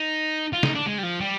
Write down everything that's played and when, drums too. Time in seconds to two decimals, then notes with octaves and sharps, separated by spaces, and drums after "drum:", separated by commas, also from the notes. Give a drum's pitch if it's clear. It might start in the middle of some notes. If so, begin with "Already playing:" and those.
Already playing: D#4
0.53 F4
0.63 D#4, drum: snare
0.75 D4
0.86 G#3
0.98 G3
1.03 F3
1.20 G3